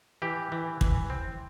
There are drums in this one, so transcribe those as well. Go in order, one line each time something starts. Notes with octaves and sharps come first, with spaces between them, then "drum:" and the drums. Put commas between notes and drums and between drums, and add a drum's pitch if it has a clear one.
E3 G4
E3
E3, drum: kick
C4